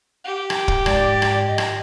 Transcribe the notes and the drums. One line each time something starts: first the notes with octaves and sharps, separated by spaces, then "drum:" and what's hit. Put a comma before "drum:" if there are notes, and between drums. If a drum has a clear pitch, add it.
G4
drum: rim click
drum: kick
G#2 D5, drum: rim click
drum: rim click
D#5
drum: rim click